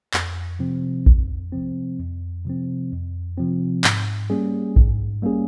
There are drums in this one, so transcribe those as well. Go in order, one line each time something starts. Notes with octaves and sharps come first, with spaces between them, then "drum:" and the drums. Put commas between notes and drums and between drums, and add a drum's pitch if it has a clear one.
F2, drum: clap
C3 F3 C4
F2, drum: kick A#1
C3 F3 C4
F2
C3 F3 C4
F2
C3 F3 C4
G#2, drum: clap
G3 A#3 C#4 G#4
G#2, drum: kick A#1
G3 A#3 C#4 G#4